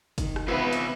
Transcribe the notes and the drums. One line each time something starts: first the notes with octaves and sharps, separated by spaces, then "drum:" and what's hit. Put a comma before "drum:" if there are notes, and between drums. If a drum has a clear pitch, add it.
D#3, drum: kick, hi-hat
drum: rim click
C3 E3 B3 F4 G4 B4
drum: hi-hat